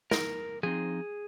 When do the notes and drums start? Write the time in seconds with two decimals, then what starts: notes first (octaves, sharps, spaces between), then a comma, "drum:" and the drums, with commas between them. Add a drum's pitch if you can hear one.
0.11 A#4, drum: snare
0.63 F3 C4 D#4 G#4